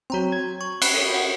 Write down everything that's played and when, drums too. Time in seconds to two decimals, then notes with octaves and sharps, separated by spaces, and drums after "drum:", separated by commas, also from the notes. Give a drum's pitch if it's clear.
0.10 F#3 C4 F#4 A#5 C6
0.32 G#6
0.61 C#6
0.82 F#5 B5 F#6, drum: cymbal
0.94 A4 A#4 C#5
1.10 F#4 F#5